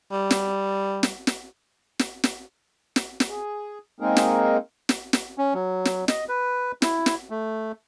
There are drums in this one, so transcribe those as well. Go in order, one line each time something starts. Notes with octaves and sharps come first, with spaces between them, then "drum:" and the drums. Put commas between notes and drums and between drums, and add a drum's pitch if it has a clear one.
G3
drum: snare
drum: snare
drum: snare
drum: snare
drum: snare
drum: snare
drum: snare
G#4
G#3 A#3 C4 D#4 G#4 A#4
drum: snare
drum: snare
drum: snare
C#4
F#3
drum: snare
D#5, drum: snare
B4
E4, drum: snare
drum: snare
A3